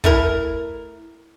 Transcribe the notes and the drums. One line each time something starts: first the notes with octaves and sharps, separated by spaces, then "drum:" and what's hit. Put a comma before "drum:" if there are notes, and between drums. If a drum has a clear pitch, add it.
A3 E4 A#4, drum: kick